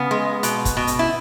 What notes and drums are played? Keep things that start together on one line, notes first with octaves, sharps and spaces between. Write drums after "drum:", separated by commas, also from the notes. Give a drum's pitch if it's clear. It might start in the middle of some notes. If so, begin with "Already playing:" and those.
Already playing: C#3 B3
G#3
B2, drum: hi-hat
drum: kick, hi-hat
B2
drum: hi-hat
E4